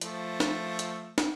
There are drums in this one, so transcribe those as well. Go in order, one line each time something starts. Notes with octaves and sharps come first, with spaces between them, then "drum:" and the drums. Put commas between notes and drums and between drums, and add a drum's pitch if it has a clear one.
F3 A3, drum: hi-hat
drum: snare
drum: hi-hat
drum: snare